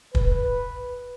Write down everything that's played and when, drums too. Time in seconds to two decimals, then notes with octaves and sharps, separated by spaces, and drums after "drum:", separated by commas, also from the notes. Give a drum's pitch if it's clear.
0.15 B4, drum: kick